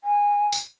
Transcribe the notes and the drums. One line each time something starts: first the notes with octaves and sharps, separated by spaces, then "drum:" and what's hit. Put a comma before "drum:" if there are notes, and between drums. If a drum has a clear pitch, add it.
G#5
drum: tambourine